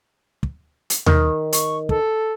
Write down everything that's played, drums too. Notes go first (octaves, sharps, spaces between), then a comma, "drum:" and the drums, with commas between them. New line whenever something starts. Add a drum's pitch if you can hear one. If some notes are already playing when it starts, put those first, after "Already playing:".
drum: kick
drum: hi-hat
D#3, drum: tom D#2
C#6, drum: hi-hat
A4, drum: kick